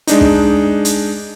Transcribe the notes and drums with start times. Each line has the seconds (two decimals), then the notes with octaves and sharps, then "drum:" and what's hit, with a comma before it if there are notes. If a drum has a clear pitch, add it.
0.07 G#3 D4 D#4, drum: hi-hat
0.21 drum: kick
0.85 drum: hi-hat